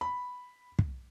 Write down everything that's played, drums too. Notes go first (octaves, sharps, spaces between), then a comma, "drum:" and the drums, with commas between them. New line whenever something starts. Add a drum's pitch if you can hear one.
B5
drum: kick